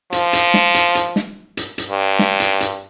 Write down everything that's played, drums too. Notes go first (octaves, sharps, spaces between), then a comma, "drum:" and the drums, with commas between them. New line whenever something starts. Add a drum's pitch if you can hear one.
F3, drum: hi-hat
drum: hi-hat
drum: snare
drum: hi-hat
drum: hi-hat
drum: snare
drum: hi-hat
drum: hi-hat
G2
drum: snare
drum: hi-hat
drum: hi-hat